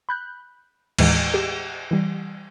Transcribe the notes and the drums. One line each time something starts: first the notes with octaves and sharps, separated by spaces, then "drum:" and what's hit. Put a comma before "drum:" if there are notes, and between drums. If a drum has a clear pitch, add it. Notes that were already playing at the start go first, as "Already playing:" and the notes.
B5 F#6 G6
D#2 A2 E3 G#3, drum: cymbal
G4 G#4
E3 G3